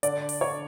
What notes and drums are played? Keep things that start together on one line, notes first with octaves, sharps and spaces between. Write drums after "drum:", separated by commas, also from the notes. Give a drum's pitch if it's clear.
D3 D5, drum: hi-hat
drum: open hi-hat
D3 C#5